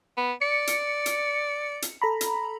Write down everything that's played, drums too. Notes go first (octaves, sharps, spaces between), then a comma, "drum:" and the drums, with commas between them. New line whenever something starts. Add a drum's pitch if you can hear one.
B3
D5 C#7
drum: hi-hat
drum: hi-hat
drum: hi-hat
A4 A#5 B5
drum: hi-hat